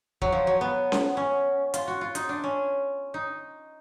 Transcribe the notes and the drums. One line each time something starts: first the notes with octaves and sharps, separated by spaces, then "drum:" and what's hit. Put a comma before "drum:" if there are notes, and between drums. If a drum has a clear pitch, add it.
F#3, drum: kick
F3
F#3
B3
drum: snare C#4
C#4
F4, drum: hi-hat
F#4
F4
D#4, drum: hi-hat
D4
C#4
D#4